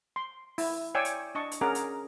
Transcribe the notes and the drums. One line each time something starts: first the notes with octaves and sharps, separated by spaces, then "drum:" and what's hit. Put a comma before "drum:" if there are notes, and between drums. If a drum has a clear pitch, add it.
C6
E4, drum: open hi-hat
C#5 D5 G5 G#5 C#6 E6
drum: hi-hat
D4 D#5 A5 C#6
drum: hi-hat
C#4 G#4 A#4 F#5 A#5 D6
drum: hi-hat